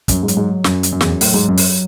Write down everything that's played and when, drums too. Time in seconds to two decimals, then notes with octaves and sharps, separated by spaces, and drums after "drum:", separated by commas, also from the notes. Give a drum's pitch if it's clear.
0.08 F#2 F#3, drum: kick, hi-hat
0.23 G#2
0.28 F#3, drum: hi-hat
0.37 G#2
0.64 F#2, drum: snare
0.83 drum: hi-hat
0.92 F#2
1.01 E2, drum: snare
1.08 F#2
1.21 A2, drum: open hi-hat
1.34 G#2
1.49 F#2
1.58 drum: open hi-hat